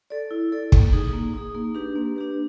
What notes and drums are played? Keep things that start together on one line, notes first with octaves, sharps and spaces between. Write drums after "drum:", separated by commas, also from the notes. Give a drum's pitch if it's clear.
A4 D5
E4
A4 D5
A#3, drum: kick
D#4 G#4
A#3
D#4 G#4
A#3
D4 G4 B4
A#3
D4 G4 B4